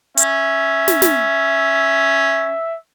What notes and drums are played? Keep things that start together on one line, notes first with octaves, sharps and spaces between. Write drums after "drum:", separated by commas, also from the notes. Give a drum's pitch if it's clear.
C#4 E5, drum: hi-hat
drum: snare
drum: snare